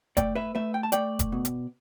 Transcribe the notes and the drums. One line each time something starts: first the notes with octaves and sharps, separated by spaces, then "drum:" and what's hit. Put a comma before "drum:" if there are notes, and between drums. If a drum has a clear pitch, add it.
A3 D5 G5, drum: kick F1, hi-hat
B4 E5
A3 B4 E5
G5
A5
A3 D5 G5, drum: hi-hat
drum: kick F1, hi-hat
B2
drum: hi-hat